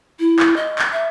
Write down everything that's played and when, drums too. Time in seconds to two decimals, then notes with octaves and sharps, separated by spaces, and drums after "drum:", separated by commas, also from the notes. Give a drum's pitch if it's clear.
0.20 E4
0.39 drum: clap
0.56 D#5
0.79 drum: clap
0.93 E5